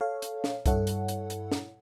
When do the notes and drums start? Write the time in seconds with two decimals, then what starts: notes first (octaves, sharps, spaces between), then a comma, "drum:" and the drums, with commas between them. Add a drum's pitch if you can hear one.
0.01 A4 C#5 F5
0.22 drum: hi-hat
0.44 drum: snare
0.66 G2 E4 A4 C#5 F#5, drum: kick C2, hi-hat
0.87 drum: hi-hat
1.08 drum: hi-hat
1.30 drum: hi-hat
1.52 drum: snare